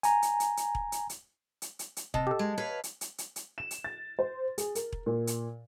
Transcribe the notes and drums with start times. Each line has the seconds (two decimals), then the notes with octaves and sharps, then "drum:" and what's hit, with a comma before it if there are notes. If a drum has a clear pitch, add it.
0.03 G#5 A#5, drum: hi-hat
0.22 drum: hi-hat
0.40 drum: hi-hat
0.57 drum: hi-hat
0.75 drum: kick E1
0.92 drum: hi-hat
1.09 drum: hi-hat
1.62 drum: hi-hat
1.79 drum: hi-hat
1.97 drum: hi-hat
2.14 C3 D#5 A5, drum: kick E1
2.27 G4 A4
2.39 G#3
2.58 B4 C#5 F5
2.84 drum: hi-hat
3.01 drum: hi-hat
3.18 drum: hi-hat
3.36 drum: hi-hat
3.58 E7
3.71 drum: hi-hat
3.84 A6
4.19 C5
4.58 G#4, drum: hi-hat
4.75 A#4, drum: hi-hat
4.92 drum: kick E1
5.06 A#2
5.27 drum: hi-hat